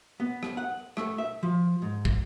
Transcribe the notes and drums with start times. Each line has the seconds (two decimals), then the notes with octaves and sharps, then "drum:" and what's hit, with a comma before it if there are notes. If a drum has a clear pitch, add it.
0.20 B3
0.43 drum: rim click
0.57 F#5
0.97 A3, drum: rim click
1.18 E5
1.43 F3
1.82 G#2
2.05 drum: kick